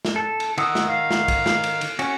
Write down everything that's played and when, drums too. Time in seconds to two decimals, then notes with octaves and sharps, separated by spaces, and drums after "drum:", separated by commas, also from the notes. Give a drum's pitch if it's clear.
0.05 drum: snare
0.16 A4
0.40 drum: cymbal
0.58 D#3 F#5 D#6 E6, drum: cymbal
0.75 drum: snare
0.89 F5
1.11 drum: snare
1.28 drum: kick, cymbal
1.46 drum: snare
1.64 drum: cymbal
1.81 drum: cymbal
1.99 C#4 F#4, drum: cymbal